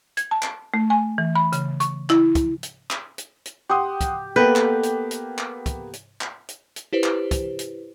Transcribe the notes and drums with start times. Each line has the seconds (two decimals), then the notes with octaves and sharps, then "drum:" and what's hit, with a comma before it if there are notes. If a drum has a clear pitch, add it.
0.17 G#6, drum: hi-hat
0.31 A5
0.42 drum: clap
0.74 A3
0.90 G#5
1.18 E3
1.36 B5
1.52 C#3, drum: hi-hat
1.80 C#6, drum: hi-hat
2.10 E4, drum: clap
2.35 drum: kick, hi-hat
2.63 drum: hi-hat
2.90 drum: clap
3.18 drum: hi-hat
3.46 drum: hi-hat
3.69 G4 F#5 C6 D#6
4.01 drum: kick, hi-hat
4.36 A#3 B3 A4 B4 D#5 G5 G6
4.56 drum: clap
4.83 drum: hi-hat
5.11 drum: hi-hat
5.38 drum: clap
5.66 drum: kick, hi-hat
5.93 drum: hi-hat
6.21 drum: clap
6.49 drum: hi-hat
6.76 drum: hi-hat
6.93 E4 G4 B4 C5
7.04 drum: clap
7.31 drum: kick, hi-hat
7.59 drum: hi-hat